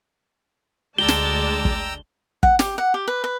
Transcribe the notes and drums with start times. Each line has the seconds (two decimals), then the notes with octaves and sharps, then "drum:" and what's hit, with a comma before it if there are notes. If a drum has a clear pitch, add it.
0.98 D2 G#3 D5 G5 A5 A#5 E6 G7
1.08 drum: snare
1.65 drum: kick
2.43 F#5, drum: kick
2.59 G4, drum: snare
2.78 F#5
2.94 G4
3.08 B4
3.24 B4